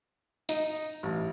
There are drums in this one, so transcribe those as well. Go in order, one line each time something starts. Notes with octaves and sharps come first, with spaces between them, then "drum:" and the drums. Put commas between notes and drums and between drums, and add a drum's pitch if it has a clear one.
D#4, drum: tambourine
A1